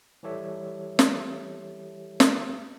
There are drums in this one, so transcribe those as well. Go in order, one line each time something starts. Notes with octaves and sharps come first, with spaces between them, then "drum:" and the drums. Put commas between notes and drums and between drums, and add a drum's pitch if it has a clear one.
E3 G3 G4 A4 C#5 E5
drum: snare
drum: snare